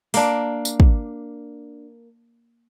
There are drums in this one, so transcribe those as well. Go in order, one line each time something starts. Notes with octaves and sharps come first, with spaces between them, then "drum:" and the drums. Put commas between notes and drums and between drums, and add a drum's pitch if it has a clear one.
A#3 D4, drum: open hi-hat
drum: tambourine
drum: kick